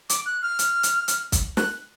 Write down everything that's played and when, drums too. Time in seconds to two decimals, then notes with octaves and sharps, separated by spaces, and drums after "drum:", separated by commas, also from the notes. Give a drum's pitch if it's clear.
0.09 D6, drum: hi-hat
0.26 F#6
0.42 F6
0.59 drum: hi-hat
0.83 drum: hi-hat
1.08 drum: hi-hat
1.32 drum: kick, hi-hat
1.57 F#6, drum: snare